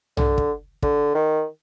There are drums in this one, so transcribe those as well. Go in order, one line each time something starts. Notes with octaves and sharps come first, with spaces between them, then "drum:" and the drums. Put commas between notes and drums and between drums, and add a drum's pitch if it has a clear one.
D3, drum: tom
drum: kick
D3, drum: kick
D#3